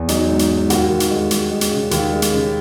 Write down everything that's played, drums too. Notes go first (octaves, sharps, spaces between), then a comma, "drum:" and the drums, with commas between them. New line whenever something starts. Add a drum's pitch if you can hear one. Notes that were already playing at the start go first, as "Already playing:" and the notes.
Already playing: E2
F#3 D#4, drum: hi-hat
G#2
drum: hi-hat
G#2
D#2 F#4, drum: hi-hat
D#2
drum: hi-hat
G#3
G#3, drum: hi-hat
G#3
drum: hi-hat
C#3
D#2, drum: hi-hat
G#3
drum: hi-hat
C#3